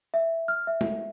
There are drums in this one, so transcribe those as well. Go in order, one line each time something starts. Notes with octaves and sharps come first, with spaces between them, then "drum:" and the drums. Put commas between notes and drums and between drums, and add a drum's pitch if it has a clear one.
E5
F6
E5
drum: tom G#3